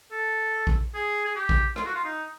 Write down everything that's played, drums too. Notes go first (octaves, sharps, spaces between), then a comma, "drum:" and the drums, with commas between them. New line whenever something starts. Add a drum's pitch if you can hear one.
A4
drum: kick
G#4
G#4
G4
drum: kick
F4, drum: rim click
F#4
F4
D#4